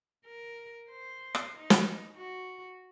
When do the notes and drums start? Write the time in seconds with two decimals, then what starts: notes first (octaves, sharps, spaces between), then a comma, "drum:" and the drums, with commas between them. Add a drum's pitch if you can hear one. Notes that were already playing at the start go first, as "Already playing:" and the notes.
0.26 A#4
0.90 C5
1.35 drum: rim click
1.56 D#4
1.70 drum: snare
2.17 F#4